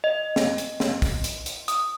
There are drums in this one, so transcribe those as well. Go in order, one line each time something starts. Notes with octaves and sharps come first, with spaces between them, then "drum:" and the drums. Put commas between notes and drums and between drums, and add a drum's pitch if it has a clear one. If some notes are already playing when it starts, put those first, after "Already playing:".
D#5
drum: snare
drum: hi-hat
drum: snare
drum: kick, open hi-hat
drum: hi-hat
drum: hi-hat
D#6, drum: hi-hat